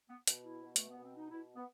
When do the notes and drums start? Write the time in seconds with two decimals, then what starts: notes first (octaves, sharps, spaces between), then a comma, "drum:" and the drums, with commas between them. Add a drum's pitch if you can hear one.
0.09 B3
0.27 B2, drum: hi-hat
0.44 E4
0.62 B2
0.76 A3, drum: hi-hat
0.90 B3
0.96 B2
1.03 C4
1.16 D#4
1.29 B2 E4
1.55 B3